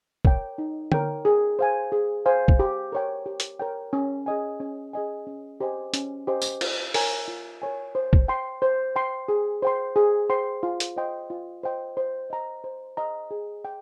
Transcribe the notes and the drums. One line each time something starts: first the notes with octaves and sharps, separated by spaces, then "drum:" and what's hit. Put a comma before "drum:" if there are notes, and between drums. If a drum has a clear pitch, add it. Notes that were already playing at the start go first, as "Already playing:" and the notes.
A#4 C#5 G5, drum: kick
D#4
A#4 C#5 G5, drum: tom D3
G#4
C5 F5 G#5
G#4
C5 F5 G#5
drum: kick
G4
A#4 C#5 G5
G4
drum: hi-hat
A#4 C#5 G5
C#4
G#4 D#5 G#5
C#4
G#4 D#5 G#5
C#4
G4 C5 D#5 G#5
C#4, drum: hi-hat
G4 C5 D#5 G#5
drum: tambourine
F4, drum: cymbal
A#4 C#5 G#5, drum: open hi-hat
F4
A#4 C#5 G#5
C5
drum: kick
G5 C6
C5
G5 C6
G#4
C5 G5 C6
G#4
C5 G5 C6
F4
drum: hi-hat
C5 D#5 G5 C6
F4
C5 D#5 G5 C6
C5
D#5 A#5
C5
D#5 A#5
G#4
G5